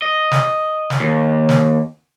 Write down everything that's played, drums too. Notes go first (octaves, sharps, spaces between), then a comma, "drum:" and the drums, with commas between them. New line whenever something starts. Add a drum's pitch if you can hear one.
D#5
drum: snare
drum: snare
D#2
drum: snare